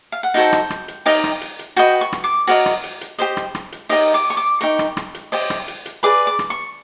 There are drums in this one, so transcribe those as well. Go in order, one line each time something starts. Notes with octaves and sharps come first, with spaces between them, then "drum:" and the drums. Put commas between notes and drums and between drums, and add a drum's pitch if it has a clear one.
F5
F#5
D#4 F#4 A4 C5 G5, drum: hi-hat
drum: rim click
drum: rim click
drum: hi-hat
D#4 G4 A#4 D#5, drum: open hi-hat
drum: rim click
drum: hi-hat
drum: hi-hat
F#4 B4 D#5 G5, drum: hi-hat
C#6
drum: rim click
D6
F#4 A#4 D#5, drum: open hi-hat
drum: rim click
drum: hi-hat
drum: hi-hat
G4 C5 D#5, drum: hi-hat
drum: rim click
drum: rim click
drum: hi-hat
D#4 G4 A#4 D#5 D#6, drum: open hi-hat
D6
C#6
D6
D#4 G4 A#4 C#6, drum: hi-hat
drum: rim click
drum: rim click
drum: hi-hat
G4 C5 D#5, drum: open hi-hat
drum: rim click
drum: hi-hat
drum: hi-hat
G#4 B4 D5 D6, drum: hi-hat
D6
drum: rim click
C#6